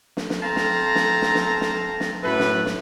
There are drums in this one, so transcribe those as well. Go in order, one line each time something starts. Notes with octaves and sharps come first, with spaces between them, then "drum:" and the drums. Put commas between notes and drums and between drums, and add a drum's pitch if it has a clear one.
drum: snare
drum: snare
C4 A4 F5 A5 A#5
drum: snare
drum: snare
drum: snare
drum: snare
drum: snare
drum: snare
F#2 A2 A3 B4
drum: snare
drum: snare